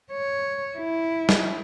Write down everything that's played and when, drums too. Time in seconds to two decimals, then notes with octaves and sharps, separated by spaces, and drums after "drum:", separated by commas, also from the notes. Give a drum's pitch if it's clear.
0.12 C#5
0.77 E4
1.29 drum: snare